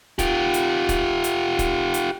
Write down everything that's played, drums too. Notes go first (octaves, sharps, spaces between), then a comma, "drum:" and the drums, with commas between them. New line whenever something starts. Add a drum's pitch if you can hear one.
F4 G4, drum: kick, hi-hat
drum: hi-hat
drum: kick, hi-hat
drum: hi-hat
drum: kick, hi-hat
drum: hi-hat